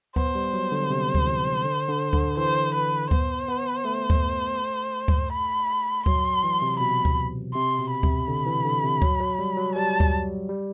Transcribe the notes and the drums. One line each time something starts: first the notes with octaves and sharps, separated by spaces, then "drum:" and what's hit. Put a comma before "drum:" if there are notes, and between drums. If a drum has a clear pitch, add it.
B3 C5, drum: kick D2
G3
F#3
D3
C3
drum: kick D2
E3
D3
D3
D3, drum: kick D2
E3 C5
B4
B3 C5, drum: kick D2
B3
A3
drum: kick D2
drum: kick D2
B5
F#3 C6, drum: kick D2
E3
C3
B2 B5
drum: kick D2
C3 C6
B2
B5
C3, drum: kick D2
D3
E3
D3
C3
F#3, drum: kick D2
F#3
G3
F#3
G3 A5
drum: kick D2
G3